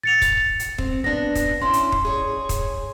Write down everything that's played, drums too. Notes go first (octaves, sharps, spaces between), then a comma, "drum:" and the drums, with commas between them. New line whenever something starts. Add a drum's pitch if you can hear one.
A6 C#7 F7
drum: kick, hi-hat
drum: hi-hat
C4, drum: kick
B3 D4 A#6
drum: kick, hi-hat
C#4 E4 C6
drum: hi-hat
drum: kick
G#4 C#5
drum: kick, hi-hat